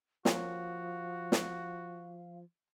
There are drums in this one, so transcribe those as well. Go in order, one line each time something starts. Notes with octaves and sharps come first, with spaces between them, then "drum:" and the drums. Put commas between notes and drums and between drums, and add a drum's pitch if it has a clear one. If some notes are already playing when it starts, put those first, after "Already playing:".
F3 A#3 C#4 F#4 F5, drum: snare
drum: snare